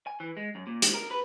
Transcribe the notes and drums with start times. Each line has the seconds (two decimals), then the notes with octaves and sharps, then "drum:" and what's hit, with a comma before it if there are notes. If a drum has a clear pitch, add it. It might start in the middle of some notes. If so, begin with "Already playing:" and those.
0.07 G#5
0.20 E3
0.37 G#3
0.55 F#2
0.67 A#2
0.82 G#2, drum: hi-hat
0.94 A#4
1.11 B4